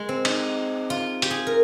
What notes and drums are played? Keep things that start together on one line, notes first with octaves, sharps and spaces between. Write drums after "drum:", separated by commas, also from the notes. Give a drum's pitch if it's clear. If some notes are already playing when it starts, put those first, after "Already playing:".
Already playing: G#3
C4
D#4, drum: cymbal
F4
G4, drum: hi-hat
G#4
A#4